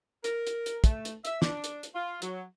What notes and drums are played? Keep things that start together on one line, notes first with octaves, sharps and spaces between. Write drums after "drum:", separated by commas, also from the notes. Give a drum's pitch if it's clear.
A#4, drum: hi-hat
drum: hi-hat
drum: hi-hat
A3, drum: kick, hi-hat
drum: hi-hat
E5, drum: hi-hat
D4, drum: snare
drum: hi-hat
drum: hi-hat
F4
F#3, drum: hi-hat